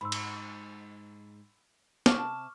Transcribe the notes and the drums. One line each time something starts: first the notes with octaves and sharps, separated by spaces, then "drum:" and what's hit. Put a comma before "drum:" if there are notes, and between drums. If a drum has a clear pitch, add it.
G#2 B5 C6 E6
drum: cymbal
C3 E5 A5 C#6 D6 F6, drum: snare